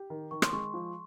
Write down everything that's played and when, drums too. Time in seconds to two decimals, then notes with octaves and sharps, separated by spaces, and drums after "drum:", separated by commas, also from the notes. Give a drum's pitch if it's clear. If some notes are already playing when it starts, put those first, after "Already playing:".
Already playing: G4
0.10 D#3
0.31 D#3 C#6
0.42 C6, drum: rim click
0.53 G#3 C#6
0.74 F3